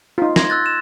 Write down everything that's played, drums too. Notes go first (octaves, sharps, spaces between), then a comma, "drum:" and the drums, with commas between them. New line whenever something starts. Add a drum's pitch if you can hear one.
D#4 F4
C6 G#6 A#6, drum: snare
E6 F#6 A6
E7